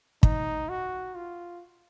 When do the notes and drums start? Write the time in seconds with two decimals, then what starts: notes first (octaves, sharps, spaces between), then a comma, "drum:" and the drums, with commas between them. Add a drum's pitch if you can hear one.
0.23 D#4, drum: kick
0.69 F#4
1.15 F4